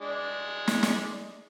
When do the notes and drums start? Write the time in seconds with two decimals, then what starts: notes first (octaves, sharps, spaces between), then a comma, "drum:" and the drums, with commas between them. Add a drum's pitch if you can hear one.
0.01 G#3 D4
0.68 drum: snare
0.83 drum: snare